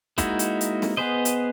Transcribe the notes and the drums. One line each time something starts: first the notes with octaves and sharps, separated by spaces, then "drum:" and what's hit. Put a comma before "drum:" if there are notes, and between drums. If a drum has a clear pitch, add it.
G#3 A#3 D#4 E4 F#4, drum: kick, hi-hat
drum: hi-hat
drum: hi-hat
drum: snare
B3 G#4 B4 C5 D#5
drum: hi-hat